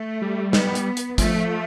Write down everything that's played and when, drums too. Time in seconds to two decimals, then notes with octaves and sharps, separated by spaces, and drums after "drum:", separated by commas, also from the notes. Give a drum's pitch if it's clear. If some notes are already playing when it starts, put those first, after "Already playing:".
Already playing: A3
0.22 G3
0.53 B3, drum: snare
0.75 drum: hi-hat
0.97 drum: hi-hat
1.18 F3 A3, drum: kick, hi-hat